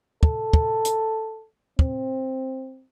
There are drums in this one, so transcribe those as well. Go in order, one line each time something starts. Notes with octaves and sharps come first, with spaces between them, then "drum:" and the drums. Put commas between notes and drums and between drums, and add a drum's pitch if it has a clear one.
A4, drum: kick
drum: kick
drum: hi-hat
C4, drum: kick